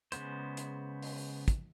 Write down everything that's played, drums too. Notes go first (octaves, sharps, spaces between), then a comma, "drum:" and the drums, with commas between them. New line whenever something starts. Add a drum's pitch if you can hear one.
C#3 G#3 B3 C5, drum: hi-hat
drum: hi-hat
drum: open hi-hat
drum: kick, hi-hat